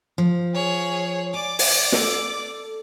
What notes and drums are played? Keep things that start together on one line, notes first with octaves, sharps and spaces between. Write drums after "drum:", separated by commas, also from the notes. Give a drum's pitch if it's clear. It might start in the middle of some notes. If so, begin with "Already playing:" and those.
F3
G#4 C#5
D5 G#5 D6
drum: open hi-hat
A4, drum: snare